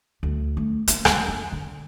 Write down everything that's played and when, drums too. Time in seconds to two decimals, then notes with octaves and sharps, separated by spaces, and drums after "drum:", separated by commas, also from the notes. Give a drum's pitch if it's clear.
0.23 D2
0.57 A3
0.88 A#3, drum: hi-hat
1.05 C#2, drum: rim click
1.28 F2
1.52 D3